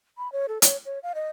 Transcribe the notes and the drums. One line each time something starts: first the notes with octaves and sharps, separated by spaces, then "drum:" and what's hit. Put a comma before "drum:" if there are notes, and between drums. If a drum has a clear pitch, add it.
B5
C#5
A4
C#5, drum: hi-hat
C#5
F5
D#5